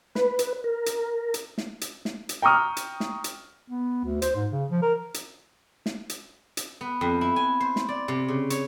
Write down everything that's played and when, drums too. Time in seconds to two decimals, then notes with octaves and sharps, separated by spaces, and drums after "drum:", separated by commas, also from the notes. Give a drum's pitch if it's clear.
0.15 B4, drum: snare
0.39 drum: hi-hat
0.64 A#4
0.86 drum: hi-hat
1.34 drum: hi-hat
1.58 drum: snare
1.81 drum: hi-hat
2.05 drum: snare
2.29 drum: hi-hat
2.42 G5 A#5 C#6 D#6 F6
2.77 drum: hi-hat
3.00 drum: snare
3.24 drum: hi-hat
3.68 B3
4.05 D2
4.22 C5, drum: hi-hat
4.35 G#2
4.51 C#3
4.71 F3
4.82 A#4
5.14 drum: hi-hat
5.86 drum: snare
6.09 drum: hi-hat
6.57 drum: hi-hat
6.81 B3
7.01 F2
7.21 E4
7.36 G#5
7.60 C5
7.76 drum: snare
7.89 D5
8.08 C3
8.28 C#3
8.50 C#5, drum: hi-hat